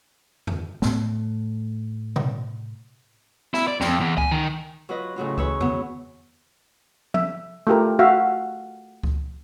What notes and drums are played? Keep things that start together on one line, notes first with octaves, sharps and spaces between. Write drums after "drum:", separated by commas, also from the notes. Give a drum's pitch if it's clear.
drum: tom E2
A2 A3, drum: snare
drum: tom B2
E4, drum: snare
D5
F2, drum: snare
E2
G#5, drum: kick C#2
D#3
F#3 F4 B4 D#5
A2 C#3 F#3 F4
G#4 B4 C#5 E6, drum: kick C#2
F#3 B3, drum: tom E2
E5, drum: tom F3
A3 F4 G4 A#4
F#4 E5 F5
drum: kick C#2